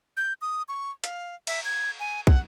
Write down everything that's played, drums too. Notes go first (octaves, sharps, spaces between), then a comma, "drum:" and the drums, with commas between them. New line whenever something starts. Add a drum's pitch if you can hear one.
G6
D#6
C#6
F5, drum: hi-hat
E5, drum: cymbal
G#6
G#5
F#5, drum: kick